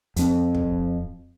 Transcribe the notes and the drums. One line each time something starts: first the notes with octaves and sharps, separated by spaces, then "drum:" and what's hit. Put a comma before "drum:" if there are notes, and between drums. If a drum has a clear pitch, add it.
F2 C4, drum: hi-hat
drum: kick